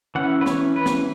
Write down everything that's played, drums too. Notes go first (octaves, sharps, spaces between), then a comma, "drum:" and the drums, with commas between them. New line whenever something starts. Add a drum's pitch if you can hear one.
E3 C#4 E4 F#5
B4
C#5, drum: snare
B4
drum: snare